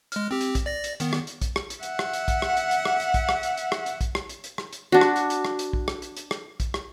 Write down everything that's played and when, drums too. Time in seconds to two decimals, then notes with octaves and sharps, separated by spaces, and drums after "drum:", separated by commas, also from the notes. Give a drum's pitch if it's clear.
0.12 G#3 F6, drum: hi-hat
0.31 C4 G4
0.41 drum: hi-hat
0.55 drum: kick, hi-hat
0.66 D5 A#6
0.84 drum: hi-hat
1.00 D#3 B3, drum: hi-hat
1.13 drum: rim click
1.27 drum: hi-hat
1.42 drum: kick, hi-hat
1.56 drum: rim click
1.70 drum: hi-hat
1.83 E5 F#5, drum: hi-hat
1.99 drum: rim click
2.13 drum: hi-hat
2.28 drum: kick, hi-hat
2.42 drum: rim click
2.57 drum: hi-hat
2.71 drum: hi-hat
2.85 drum: rim click
3.00 drum: hi-hat
3.14 drum: kick, hi-hat
3.29 drum: rim click
3.43 drum: hi-hat
3.57 drum: hi-hat
3.72 drum: rim click
3.86 drum: hi-hat
4.01 drum: kick, hi-hat
4.15 drum: rim click
4.29 drum: hi-hat
4.44 drum: hi-hat
4.58 drum: rim click
4.73 drum: hi-hat
4.92 D4 F#4
5.01 drum: rim click
5.16 drum: hi-hat
5.30 drum: hi-hat
5.45 drum: rim click
5.59 drum: hi-hat
5.73 drum: kick
5.88 drum: rim click
6.02 drum: hi-hat
6.17 drum: hi-hat
6.31 drum: rim click
6.60 drum: kick, hi-hat
6.74 drum: rim click